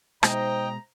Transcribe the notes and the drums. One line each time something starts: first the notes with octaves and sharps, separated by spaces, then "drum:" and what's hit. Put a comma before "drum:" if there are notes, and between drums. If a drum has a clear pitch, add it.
B2 G#3 D#4 C5 D#5 G5 A#5, drum: rim click